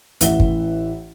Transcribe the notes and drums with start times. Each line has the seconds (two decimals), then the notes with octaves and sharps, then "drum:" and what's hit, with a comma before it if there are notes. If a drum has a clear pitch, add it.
0.21 A1 E3 E5 F#5 G7, drum: hi-hat
0.40 drum: kick